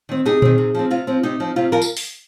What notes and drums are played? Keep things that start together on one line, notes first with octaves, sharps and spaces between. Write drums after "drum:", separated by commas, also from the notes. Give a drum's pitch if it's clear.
D#3 C4
C3 D#4 G#4
D#3 C4, drum: tom A#2
C3
F3 C4
C3 F4
F3 C4
C3 D#4
F3 C4
C3 F4
F3 F4 A#4
drum: tambourine
drum: open hi-hat